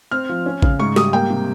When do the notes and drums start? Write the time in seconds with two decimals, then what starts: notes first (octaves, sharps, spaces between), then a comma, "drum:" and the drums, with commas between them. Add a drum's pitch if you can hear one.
0.11 C4 F6
0.29 F3
0.46 C#4
0.62 C#3, drum: kick A1
0.79 G#2 C#6
0.96 G3 D#6, drum: snare
1.13 A#3 G5
1.30 C3